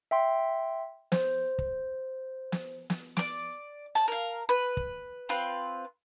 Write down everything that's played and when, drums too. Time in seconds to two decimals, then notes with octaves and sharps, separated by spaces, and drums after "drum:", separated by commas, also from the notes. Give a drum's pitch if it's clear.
0.11 E5 G5 C6
1.12 C5, drum: snare
1.59 drum: kick
2.52 drum: snare
2.90 drum: snare
3.17 D5 D6, drum: snare
3.95 A5, drum: open hi-hat
4.08 A#4 F5
4.49 B4
4.77 drum: kick
5.29 C4 F4 B4